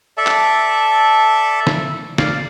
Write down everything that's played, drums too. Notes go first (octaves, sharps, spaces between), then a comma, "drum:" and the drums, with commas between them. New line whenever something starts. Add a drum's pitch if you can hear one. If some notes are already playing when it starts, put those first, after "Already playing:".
A4 D5 E5 A5
drum: clap
drum: snare
D5 F5, drum: snare